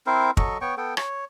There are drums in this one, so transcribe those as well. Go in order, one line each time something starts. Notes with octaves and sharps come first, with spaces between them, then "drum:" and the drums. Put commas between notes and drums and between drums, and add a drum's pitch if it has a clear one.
C4 E4 A#4 C5
F#3 A4 D#5 C#6, drum: kick
B3 C#5 G5 C#6
B3 A4 G5
C#5, drum: rim click